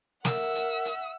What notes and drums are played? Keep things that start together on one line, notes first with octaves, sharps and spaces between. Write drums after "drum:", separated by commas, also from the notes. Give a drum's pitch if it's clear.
A#4 E5 F#5 E6, drum: snare
drum: hi-hat
drum: hi-hat